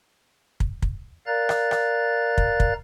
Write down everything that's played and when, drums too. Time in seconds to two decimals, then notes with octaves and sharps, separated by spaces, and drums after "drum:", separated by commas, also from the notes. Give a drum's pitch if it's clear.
0.60 drum: kick
0.82 drum: kick
1.27 A#4 D5 F5 A#5 F#6 A6
1.49 drum: rim click
1.71 drum: rim click
2.38 drum: kick
2.60 drum: kick